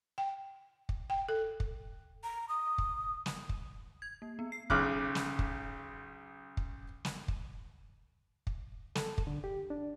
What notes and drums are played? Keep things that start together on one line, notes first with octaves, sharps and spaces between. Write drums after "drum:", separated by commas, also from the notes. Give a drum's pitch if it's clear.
G5
drum: kick
G5
A4
drum: kick
A#5
D#6
drum: kick
drum: snare
drum: kick
G#6
A#3
B3
C7
B1 C#3 D6 F6 F#6, drum: kick
drum: snare
drum: kick
drum: kick
drum: snare
drum: kick
drum: kick
A4, drum: snare
drum: kick
D3
G4
D4